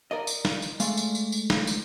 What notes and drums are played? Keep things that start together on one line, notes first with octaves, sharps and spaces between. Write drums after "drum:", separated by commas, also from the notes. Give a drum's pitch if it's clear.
A#4 D5 D#5
drum: tambourine
drum: snare
drum: tambourine
G#3 A3 D5 F5, drum: tambourine
drum: tambourine
drum: tambourine
drum: tambourine
drum: snare
drum: tambourine